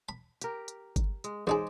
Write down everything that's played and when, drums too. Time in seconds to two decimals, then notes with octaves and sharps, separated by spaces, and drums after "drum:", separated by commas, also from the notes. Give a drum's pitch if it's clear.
0.09 B5
0.41 G4 A#4, drum: hi-hat
0.68 drum: hi-hat
0.96 drum: kick G1, hi-hat
1.24 G#3, drum: hi-hat
1.47 A1 G#3 D#4 G#4 C5 D5